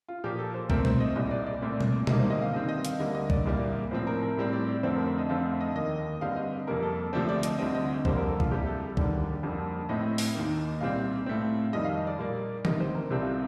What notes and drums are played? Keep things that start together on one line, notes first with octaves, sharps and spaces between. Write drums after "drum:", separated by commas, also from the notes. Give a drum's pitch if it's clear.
F4
A#2 F3 A#3 G4
A4
C5
A#2 A3 C4 A#4, drum: kick
C5, drum: tom B2
D#5
C2 A#2 G3 D#5
D5
D5
A#2 A3 C4
drum: tom B2
D2 C3 D#3 G3 A#3 D#5, drum: tom B2
C5
D#5
F5
G2 D#3 G3 C4 D#5
D#5
F5, drum: hi-hat
D2 D3 G3 A#3 D#5
D#5
D5, drum: kick
C2 A#2 G3 A#3
A2 F3 C4 C5
A#4
A#4
A2 G3 C4
D5
D5
F2 D3 A3 C4 C5
A#4
C5
D#5
F2 D3 A3 C4 F5
F5
D#5
D#2 D#3 A#3 D#5
G2 D3 G3 C4 F5
D#5
F2 C3 G3 A#3 A#4
A4
D2 C3 F3 A3 C4 D5
D5
D#5, drum: hi-hat
D2 D3 G3 C4 D#5
D#5
F2 D3 G3 A#3 C5, drum: kick
A#4
A4
F4, drum: kick
C2 C3 G3 G4
A4
D#2 D3 G3 A#3, drum: kick
F2 D3 G3 A#3
A2 A3 C4 D#5
drum: open hi-hat
D#2 D#3 A#3
C2 A#2 G3 C4 F5
A2 A3 C4
F2 D#3 G3 D#5
F5
D#5
D5
A#2 G3 A#3
D2 C3 D#3 D#5, drum: tom
C5
A#4
C2 C3 G3 C4 A4
F4